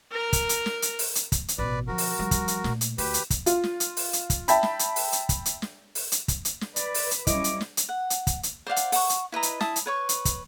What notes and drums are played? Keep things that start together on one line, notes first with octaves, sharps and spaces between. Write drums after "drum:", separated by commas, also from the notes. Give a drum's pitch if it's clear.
A#4 A#5
drum: kick, hi-hat
drum: hi-hat
drum: snare
drum: hi-hat
drum: open hi-hat
drum: hi-hat
drum: kick, hi-hat
drum: hi-hat
A1 B2 B4 D5
D3 F3 F#4 A#4
drum: open hi-hat
F3 G3
drum: kick, hi-hat
drum: hi-hat
A#2 A3, drum: snare
drum: hi-hat
D2 G4 B4, drum: open hi-hat
drum: hi-hat
drum: kick, hi-hat
F4, drum: hi-hat
drum: snare
drum: hi-hat
drum: open hi-hat
drum: hi-hat
drum: kick, hi-hat
E5 G5 A5 B5, drum: hi-hat
drum: snare
drum: hi-hat
drum: open hi-hat
drum: hi-hat
drum: kick, hi-hat
drum: hi-hat
drum: snare
drum: open hi-hat
drum: hi-hat
drum: kick, hi-hat
drum: hi-hat
drum: snare
B4 D5, drum: hi-hat
drum: open hi-hat
drum: hi-hat
F#3 G3 C#4 E4 D#5 D6, drum: kick, hi-hat
drum: hi-hat
drum: snare
drum: hi-hat
F#5
drum: hi-hat
drum: kick, hi-hat
drum: hi-hat
C5 D5 F5 F#5
drum: hi-hat
F#5 C#6, drum: open hi-hat
drum: hi-hat
E4 B4 D#5 A#5
drum: hi-hat
E4 A5 D#6, drum: snare
drum: hi-hat
B4 C#5 C#6
drum: hi-hat
drum: kick, hi-hat